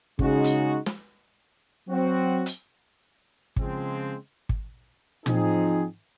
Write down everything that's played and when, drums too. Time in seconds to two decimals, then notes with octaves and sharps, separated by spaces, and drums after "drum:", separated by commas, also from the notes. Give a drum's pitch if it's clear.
0.19 C#3 G#3 D#4 F#4, drum: kick
0.44 drum: hi-hat
0.86 drum: snare
1.88 F#3 C4 F#4
2.46 drum: hi-hat
3.56 C#3 F3 G#3 C4, drum: kick
4.49 drum: kick
5.26 F3 C4 D#4 G#4, drum: tom